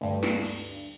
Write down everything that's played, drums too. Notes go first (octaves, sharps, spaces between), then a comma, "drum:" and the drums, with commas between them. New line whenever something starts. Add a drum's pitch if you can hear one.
D2 G2
drum: snare
drum: cymbal